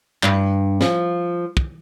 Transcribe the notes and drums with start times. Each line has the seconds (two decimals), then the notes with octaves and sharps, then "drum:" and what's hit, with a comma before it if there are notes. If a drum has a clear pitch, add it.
0.23 G2, drum: clap
0.81 F3, drum: snare
1.57 drum: kick